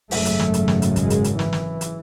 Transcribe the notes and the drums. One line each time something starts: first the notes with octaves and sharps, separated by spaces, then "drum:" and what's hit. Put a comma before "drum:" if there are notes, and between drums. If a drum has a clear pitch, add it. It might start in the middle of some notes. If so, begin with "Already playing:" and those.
G#1 F#2 C#3 A3, drum: open hi-hat
drum: hi-hat
drum: snare
drum: hi-hat
drum: snare
drum: hi-hat
G#3, drum: kick, hi-hat
drum: hi-hat
drum: hi-hat
E3, drum: snare
drum: snare
drum: hi-hat